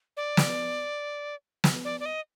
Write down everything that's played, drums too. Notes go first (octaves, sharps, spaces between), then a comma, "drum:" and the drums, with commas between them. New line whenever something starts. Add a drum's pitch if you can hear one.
D5
drum: snare
drum: snare
D5
D5
D#5